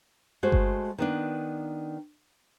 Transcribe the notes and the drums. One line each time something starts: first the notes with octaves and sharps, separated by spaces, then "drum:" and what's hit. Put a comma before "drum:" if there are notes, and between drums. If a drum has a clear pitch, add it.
G#3 A3 F#4 C5
drum: kick G1
D#3 B3 D4